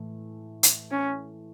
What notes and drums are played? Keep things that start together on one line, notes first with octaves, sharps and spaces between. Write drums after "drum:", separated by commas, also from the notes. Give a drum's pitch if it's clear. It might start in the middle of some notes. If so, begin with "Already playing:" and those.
Already playing: A2 E3 A3
drum: hi-hat
C#4